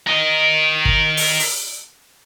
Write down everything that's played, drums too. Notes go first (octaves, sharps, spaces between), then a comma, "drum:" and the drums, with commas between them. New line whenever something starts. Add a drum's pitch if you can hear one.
A#4 D#5
drum: kick
drum: open hi-hat
drum: open hi-hat